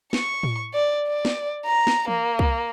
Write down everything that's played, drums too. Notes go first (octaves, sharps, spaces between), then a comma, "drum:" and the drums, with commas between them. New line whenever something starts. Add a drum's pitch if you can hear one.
C#6, drum: snare
drum: tom A2
D5
D5
drum: snare
A#5
drum: snare
A#3, drum: tom E3
drum: kick